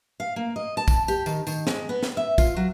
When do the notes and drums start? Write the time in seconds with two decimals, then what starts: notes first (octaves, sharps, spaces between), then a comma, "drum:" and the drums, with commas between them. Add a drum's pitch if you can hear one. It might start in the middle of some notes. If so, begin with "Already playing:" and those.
0.20 F5
0.36 A#3
0.56 D#5
0.77 A5
0.88 drum: kick, tambourine
1.08 G4, drum: tambourine
1.26 D#3, drum: tambourine
1.47 D#3, drum: tambourine
1.67 G#3, drum: snare
1.89 B3
2.03 drum: snare
2.17 E5
2.38 F4, drum: kick, tambourine
2.56 F#3